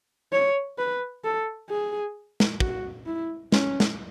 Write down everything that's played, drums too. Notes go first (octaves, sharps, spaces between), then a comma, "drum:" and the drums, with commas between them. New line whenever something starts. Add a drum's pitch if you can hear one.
C#5
B4
A4
G#4
drum: snare
F#4, drum: kick
E4
C#4, drum: snare
drum: snare